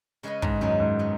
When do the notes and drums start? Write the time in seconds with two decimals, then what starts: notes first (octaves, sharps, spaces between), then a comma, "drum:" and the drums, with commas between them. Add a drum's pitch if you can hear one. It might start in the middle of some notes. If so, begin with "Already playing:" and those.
0.23 C#3 G#3 C#4 B4 D#5
0.42 G#2, drum: kick
0.61 F#2 D#3 B3 D#4 G#4 B4
0.80 G#2
0.99 F#3 B3